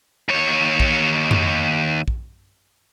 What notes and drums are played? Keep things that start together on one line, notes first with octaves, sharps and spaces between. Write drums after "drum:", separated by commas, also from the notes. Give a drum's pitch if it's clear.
D#2 C#5
drum: kick A#1
drum: tom F2
drum: kick A#1